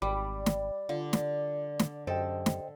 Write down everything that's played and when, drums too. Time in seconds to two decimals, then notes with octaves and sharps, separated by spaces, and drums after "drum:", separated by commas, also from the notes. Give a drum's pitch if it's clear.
0.02 G#1 G3 D5 B5 D6
0.46 drum: snare
0.89 D3 F4
1.13 drum: snare
1.79 drum: snare
2.07 F#2 G4 A4 C5 D#5 G5
2.46 drum: snare